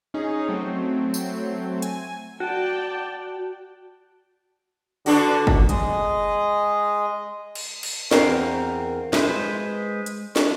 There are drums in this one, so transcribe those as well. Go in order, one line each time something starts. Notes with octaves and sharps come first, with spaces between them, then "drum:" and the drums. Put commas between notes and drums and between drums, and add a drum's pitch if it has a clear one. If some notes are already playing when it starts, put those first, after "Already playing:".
C#4 D#4 G#4
F#3 A3 C4
drum: tambourine
G#5, drum: hi-hat
F#4 D5 G5 A5
D3 B3 D4 F#4, drum: open hi-hat
drum: kick
G#3 G#4 D#5 D#6, drum: hi-hat
drum: cymbal
drum: cymbal
E2 C4 A#4 F5, drum: snare
G#3 B4 C5, drum: snare
drum: hi-hat
drum: snare